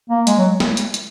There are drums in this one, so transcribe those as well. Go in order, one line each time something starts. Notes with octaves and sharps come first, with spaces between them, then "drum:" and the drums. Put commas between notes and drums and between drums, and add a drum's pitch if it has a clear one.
A#3
G#3, drum: hi-hat
F#3
drum: snare
drum: hi-hat
drum: hi-hat